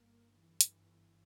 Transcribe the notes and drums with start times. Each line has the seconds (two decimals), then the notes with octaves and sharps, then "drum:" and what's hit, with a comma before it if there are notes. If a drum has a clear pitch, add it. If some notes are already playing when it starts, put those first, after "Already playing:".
Already playing: G1 G2 A#3
0.37 E3
0.61 drum: hi-hat